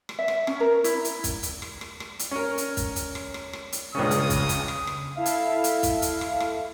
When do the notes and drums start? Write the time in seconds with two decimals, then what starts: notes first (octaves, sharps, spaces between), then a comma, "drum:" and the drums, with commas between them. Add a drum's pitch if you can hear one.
0.09 drum: rim click
0.19 E5
0.28 drum: rim click
0.47 C#4, drum: rim click
0.60 A#4
0.84 E4, drum: hi-hat
1.05 drum: hi-hat
1.24 drum: kick, hi-hat
1.43 drum: hi-hat
1.62 drum: rim click
1.81 drum: rim click
2.00 drum: rim click
2.19 drum: hi-hat
2.31 C#4 A#4
2.58 drum: hi-hat
2.77 drum: kick, hi-hat
2.96 drum: hi-hat
3.15 drum: rim click
3.34 drum: rim click
3.53 drum: rim click
3.72 drum: hi-hat
3.95 C#2 G2 C#3 C#4 D#6
4.11 drum: hi-hat
4.30 drum: kick, hi-hat
4.49 drum: hi-hat
4.68 drum: rim click
4.87 drum: rim click
5.15 E4 A4 E5 F5
5.26 drum: hi-hat
5.64 drum: hi-hat
5.83 drum: kick, hi-hat
6.02 drum: hi-hat
6.21 drum: rim click
6.40 drum: rim click